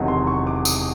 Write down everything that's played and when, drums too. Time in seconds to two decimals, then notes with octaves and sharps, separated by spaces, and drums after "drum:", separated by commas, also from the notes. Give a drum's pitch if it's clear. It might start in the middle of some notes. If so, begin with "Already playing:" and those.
Already playing: E1 E2 C3 D#3 F#3
0.08 C6
0.27 C#6
0.47 D6
0.65 D#6, drum: tambourine